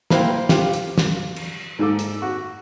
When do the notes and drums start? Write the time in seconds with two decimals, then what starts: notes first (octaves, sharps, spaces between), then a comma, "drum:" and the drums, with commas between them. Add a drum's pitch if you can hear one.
0.10 A#3 E4 C5 F5 G5, drum: snare
0.49 F4 G4 F5, drum: snare
0.73 drum: hi-hat
0.98 drum: snare
1.36 drum: cymbal
1.79 G#2 D#4 A4 D6
1.99 drum: hi-hat
2.22 F#4